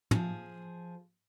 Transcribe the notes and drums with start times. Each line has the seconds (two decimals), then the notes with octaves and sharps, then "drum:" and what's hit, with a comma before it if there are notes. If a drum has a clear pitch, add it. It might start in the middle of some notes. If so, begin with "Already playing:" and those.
0.11 F3 G#4, drum: tom